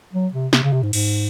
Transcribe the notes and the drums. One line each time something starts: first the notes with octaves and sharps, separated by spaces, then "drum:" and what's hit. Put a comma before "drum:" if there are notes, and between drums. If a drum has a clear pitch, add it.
F#3
C3
C3, drum: snare
C#3
C3
G#2
G#2, drum: cymbal